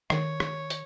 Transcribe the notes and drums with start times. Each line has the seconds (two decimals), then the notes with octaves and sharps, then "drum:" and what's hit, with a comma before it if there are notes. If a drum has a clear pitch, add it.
0.10 D#3 C#5, drum: rim click
0.40 drum: rim click
0.70 drum: hi-hat